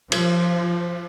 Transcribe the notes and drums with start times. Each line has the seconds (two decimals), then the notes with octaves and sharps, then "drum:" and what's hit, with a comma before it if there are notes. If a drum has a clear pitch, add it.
0.12 F3, drum: cymbal